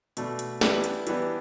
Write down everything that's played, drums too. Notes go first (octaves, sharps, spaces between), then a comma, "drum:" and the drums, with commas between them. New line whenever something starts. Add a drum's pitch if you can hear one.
B2 A3 D4, drum: hi-hat
drum: hi-hat
E3 G3 B3 D4, drum: snare
drum: hi-hat
E3 G3 B3 D4, drum: hi-hat